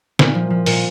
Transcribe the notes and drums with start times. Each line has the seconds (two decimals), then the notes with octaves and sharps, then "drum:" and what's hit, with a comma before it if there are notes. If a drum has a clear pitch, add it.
0.19 A#2, drum: snare
0.35 F3
0.50 F3
0.66 A#2, drum: open hi-hat